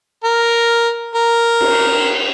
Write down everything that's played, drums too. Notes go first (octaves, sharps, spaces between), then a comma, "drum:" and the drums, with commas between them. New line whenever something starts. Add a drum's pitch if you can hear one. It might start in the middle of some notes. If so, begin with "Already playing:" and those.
A#4
A#4
drum: cymbal